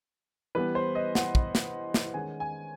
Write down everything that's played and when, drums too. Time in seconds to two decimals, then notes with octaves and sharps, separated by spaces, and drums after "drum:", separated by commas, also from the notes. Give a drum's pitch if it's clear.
0.55 E3 G3 B3 B4
0.75 C5
0.95 D#5
1.15 F#5, drum: snare
1.35 drum: kick
1.55 drum: snare
1.94 drum: snare
2.14 D#3 G#3 C#4 G#5
2.40 G#5